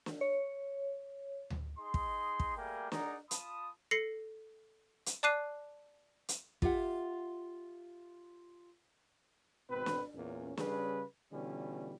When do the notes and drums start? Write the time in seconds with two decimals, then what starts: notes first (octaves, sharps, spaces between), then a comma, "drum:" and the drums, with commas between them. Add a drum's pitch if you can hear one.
0.06 drum: snare
0.21 C#5
1.50 drum: tom D2
1.79 D#4 G#4 D#5 C6
1.94 drum: kick
2.40 drum: kick
2.57 G3 A3 A#3 G#4 A#4 G5
2.92 D#4 G#4 A#4 D5 F#5 A#5, drum: snare
3.31 F4 A5 B5 D#6, drum: hi-hat
3.91 A4 A#6 C7 C#7
5.06 drum: hi-hat
5.23 D5 A5 D6 F#6 C7 D#7
6.29 drum: hi-hat
6.62 F4 G4 E5 F#5, drum: kick
9.70 G#1 B2 C4 B4
9.86 drum: snare
10.15 E2 A#2 A#3 C#4
10.57 C#3 G3 C#4 G#4 B4, drum: snare
11.32 B2 D3 E3 G3 C#4 F4